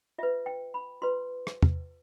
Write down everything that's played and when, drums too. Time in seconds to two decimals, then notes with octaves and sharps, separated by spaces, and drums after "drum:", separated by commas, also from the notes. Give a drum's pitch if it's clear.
0.18 F4 B4 E5
0.46 G5
0.74 B5
1.02 F4 B4 C6
1.47 drum: rim click
1.62 drum: tom